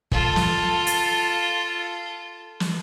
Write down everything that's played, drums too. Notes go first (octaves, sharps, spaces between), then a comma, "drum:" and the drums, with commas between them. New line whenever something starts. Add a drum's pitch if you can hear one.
F4 A4, drum: kick
drum: snare
drum: hi-hat
drum: snare